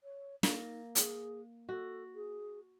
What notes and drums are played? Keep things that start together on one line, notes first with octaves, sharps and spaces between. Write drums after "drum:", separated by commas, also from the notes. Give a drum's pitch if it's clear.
C#5
A#3 D#4, drum: snare
G#4, drum: hi-hat
F#4 A4
G#4